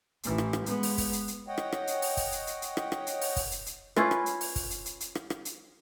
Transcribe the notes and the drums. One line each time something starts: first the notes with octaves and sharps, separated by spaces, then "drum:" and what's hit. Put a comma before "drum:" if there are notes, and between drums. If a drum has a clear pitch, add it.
A1 E3, drum: hi-hat
drum: rim click
drum: rim click
G#3 B3, drum: hi-hat
drum: open hi-hat
drum: kick, open hi-hat
drum: hi-hat
drum: hi-hat
C#5 D#5 F#5 G5
drum: rim click
drum: rim click
drum: hi-hat
drum: open hi-hat
drum: kick, open hi-hat
drum: hi-hat
drum: hi-hat
drum: hi-hat
drum: rim click
drum: rim click
drum: hi-hat
drum: open hi-hat
drum: kick, open hi-hat
drum: hi-hat
drum: hi-hat
C#4 E4 F4 B4, drum: rim click
drum: rim click
drum: hi-hat
drum: open hi-hat
drum: kick, open hi-hat
drum: hi-hat
drum: hi-hat
drum: hi-hat
drum: rim click
drum: rim click
drum: hi-hat